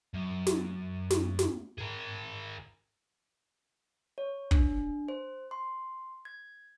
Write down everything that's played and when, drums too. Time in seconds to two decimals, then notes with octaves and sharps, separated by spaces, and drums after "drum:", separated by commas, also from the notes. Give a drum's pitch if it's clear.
0.14 F#2
0.47 drum: snare
1.10 drum: snare
1.39 drum: snare
1.78 G#4 A#4
4.18 C#5
4.51 D4, drum: kick
5.08 C5
5.51 C6
6.25 G#6